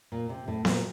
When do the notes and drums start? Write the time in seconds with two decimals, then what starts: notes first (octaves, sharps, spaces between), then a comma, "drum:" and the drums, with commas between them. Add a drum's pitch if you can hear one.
0.12 A#2
0.29 C3
0.48 A2
0.65 A#2, drum: snare B3